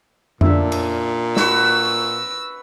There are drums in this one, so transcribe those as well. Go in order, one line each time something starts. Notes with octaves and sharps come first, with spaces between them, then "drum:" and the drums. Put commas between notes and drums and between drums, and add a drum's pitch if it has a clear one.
A#2 D4 E5, drum: tom F2
drum: cymbal
F#4 B4 C#6 E6, drum: snare